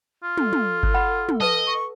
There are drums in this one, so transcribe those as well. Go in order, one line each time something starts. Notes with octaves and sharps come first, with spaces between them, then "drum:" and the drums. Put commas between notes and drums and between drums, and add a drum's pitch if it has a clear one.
F4
A4, drum: tom
drum: tom
drum: kick G1
F#5 B5
drum: tom
B4 D#5 A5
C#6